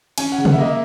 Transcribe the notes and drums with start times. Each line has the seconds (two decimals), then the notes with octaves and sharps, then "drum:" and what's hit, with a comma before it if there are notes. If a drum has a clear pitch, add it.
0.18 C#4 G#5, drum: cymbal
0.32 F#5
0.38 C#3
0.45 F#5, drum: tom C3
0.52 E5
0.58 A#3 D#5
0.69 E5